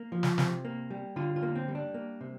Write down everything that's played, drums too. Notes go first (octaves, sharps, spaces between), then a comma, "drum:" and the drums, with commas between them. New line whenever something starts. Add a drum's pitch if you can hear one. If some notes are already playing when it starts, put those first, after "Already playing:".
Already playing: A#3
F3
drum: snare
C3, drum: snare
A#3
G3
D3 F4
F4
A#3
C4
G3
D4
A#3
C3